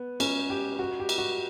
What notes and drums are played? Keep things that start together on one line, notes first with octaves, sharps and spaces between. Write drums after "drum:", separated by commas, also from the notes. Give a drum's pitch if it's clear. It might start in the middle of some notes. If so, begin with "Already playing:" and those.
Already playing: B3
C#4, drum: cymbal
G4
F#4
G4
drum: cymbal
F#4